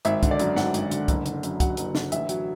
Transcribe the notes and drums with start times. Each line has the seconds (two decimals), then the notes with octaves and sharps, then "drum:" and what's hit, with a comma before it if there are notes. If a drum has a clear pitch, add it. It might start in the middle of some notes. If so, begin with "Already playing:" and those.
0.05 G#1 E5, drum: hi-hat
0.23 D3, drum: kick, hi-hat
0.31 D5
0.39 F#2, drum: hi-hat
0.56 G#1 F#5, drum: snare
0.74 G#1, drum: hi-hat
0.91 D3, drum: hi-hat
1.08 F#1, drum: kick, hi-hat
1.26 D3, drum: hi-hat
1.43 F#2, drum: hi-hat
1.60 F#3 F#5, drum: kick, hi-hat
1.77 F#1, drum: hi-hat
1.95 D3, drum: snare
2.12 A1 E5, drum: hi-hat
2.29 F#3, drum: hi-hat